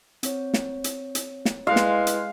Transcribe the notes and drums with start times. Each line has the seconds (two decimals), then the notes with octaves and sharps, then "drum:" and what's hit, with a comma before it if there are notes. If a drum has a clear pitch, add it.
0.23 C4 C#5, drum: hi-hat
0.54 drum: snare
0.84 drum: hi-hat
1.15 drum: hi-hat
1.45 drum: snare
1.67 G#3 E4 B4 D#5 F5 C6 F#6
1.76 drum: snare
2.07 drum: hi-hat